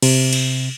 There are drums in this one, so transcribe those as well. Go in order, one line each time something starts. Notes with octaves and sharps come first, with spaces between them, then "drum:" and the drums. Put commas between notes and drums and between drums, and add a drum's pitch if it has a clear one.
C3, drum: cymbal
drum: cymbal